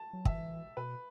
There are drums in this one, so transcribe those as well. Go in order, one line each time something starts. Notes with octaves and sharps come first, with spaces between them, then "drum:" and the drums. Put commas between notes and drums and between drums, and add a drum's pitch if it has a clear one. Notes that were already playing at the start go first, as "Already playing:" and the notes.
Already playing: A5
F#3
E3 E5, drum: kick
B2 B4